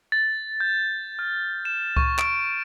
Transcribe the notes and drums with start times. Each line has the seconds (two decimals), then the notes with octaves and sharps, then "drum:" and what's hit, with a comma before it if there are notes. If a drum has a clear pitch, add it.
0.12 A6
0.60 G6
1.19 F6
1.65 E7
1.97 C#6, drum: kick C#2
2.19 D7, drum: clap